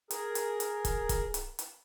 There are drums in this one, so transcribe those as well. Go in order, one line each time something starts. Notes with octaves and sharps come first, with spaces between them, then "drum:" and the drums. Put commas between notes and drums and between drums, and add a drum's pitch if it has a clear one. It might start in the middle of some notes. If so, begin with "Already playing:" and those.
G#4 A#4, drum: hi-hat
drum: hi-hat
drum: hi-hat
drum: kick, hi-hat
drum: kick, hi-hat
drum: hi-hat
drum: hi-hat